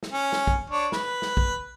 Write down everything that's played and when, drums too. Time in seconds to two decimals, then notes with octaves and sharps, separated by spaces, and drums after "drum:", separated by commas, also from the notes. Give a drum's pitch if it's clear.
0.03 drum: snare
0.12 C#4
0.32 drum: snare
0.47 drum: kick
0.70 D4 C#5
0.92 B4, drum: snare
1.22 drum: snare
1.37 drum: kick